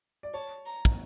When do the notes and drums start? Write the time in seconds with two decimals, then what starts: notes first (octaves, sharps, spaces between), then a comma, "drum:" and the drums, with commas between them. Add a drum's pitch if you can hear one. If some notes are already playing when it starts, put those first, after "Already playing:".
0.23 D5
0.34 C#5 A5
0.66 A#5
0.85 drum: kick